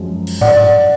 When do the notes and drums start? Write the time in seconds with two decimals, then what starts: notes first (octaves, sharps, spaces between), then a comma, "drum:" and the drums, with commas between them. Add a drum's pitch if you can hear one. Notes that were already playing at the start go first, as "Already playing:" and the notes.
Already playing: F#2 F3 G#3
0.27 drum: cymbal
0.41 D5 F#5, drum: tom G2